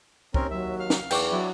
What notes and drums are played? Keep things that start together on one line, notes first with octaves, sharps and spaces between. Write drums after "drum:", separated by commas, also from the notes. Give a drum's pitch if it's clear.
D#2 C4 C#4 A#4, drum: kick
F#3 E5
F5 F6
drum: snare
E2 G5 C#6 D6, drum: cymbal
F#3 D4 E4